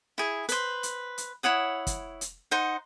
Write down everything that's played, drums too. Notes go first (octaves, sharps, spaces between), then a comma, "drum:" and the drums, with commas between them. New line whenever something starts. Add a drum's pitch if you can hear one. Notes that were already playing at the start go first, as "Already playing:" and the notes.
E4 G#4
B4 C5, drum: hi-hat
drum: hi-hat
drum: hi-hat
E4 C#5 F#5 D#6
drum: kick, hi-hat
drum: hi-hat
D#4 C5 F#5